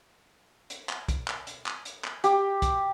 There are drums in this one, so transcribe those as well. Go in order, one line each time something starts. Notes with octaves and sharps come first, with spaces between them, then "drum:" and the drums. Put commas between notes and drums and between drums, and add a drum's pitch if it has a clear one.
drum: hi-hat
drum: clap
drum: kick, hi-hat
drum: clap
drum: hi-hat
drum: clap
drum: hi-hat
drum: clap
G4, drum: hi-hat
drum: kick, hi-hat